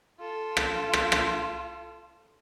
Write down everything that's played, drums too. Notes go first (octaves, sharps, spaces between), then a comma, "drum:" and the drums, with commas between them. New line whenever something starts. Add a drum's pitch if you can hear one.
F4 A4
drum: rim click
drum: rim click
drum: rim click